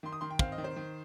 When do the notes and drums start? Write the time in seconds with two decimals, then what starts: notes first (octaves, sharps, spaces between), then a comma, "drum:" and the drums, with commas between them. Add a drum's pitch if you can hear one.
0.03 D#3 C6
0.12 D#6
0.21 D#3 C6
0.31 G5
0.39 C4 F5, drum: kick
0.52 D#5
0.58 D#3
0.64 C5
0.76 D#3